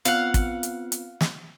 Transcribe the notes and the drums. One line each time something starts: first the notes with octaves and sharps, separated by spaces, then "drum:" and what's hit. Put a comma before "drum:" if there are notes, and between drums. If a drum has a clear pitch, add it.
B3 C4 F4 F5 F#5, drum: hi-hat
drum: kick, hi-hat
drum: hi-hat
drum: hi-hat
drum: snare